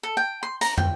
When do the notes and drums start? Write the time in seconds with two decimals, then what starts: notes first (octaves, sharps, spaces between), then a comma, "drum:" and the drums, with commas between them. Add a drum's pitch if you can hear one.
0.03 A4
0.17 G5
0.43 C6
0.61 A#5, drum: hi-hat
0.78 G5, drum: tom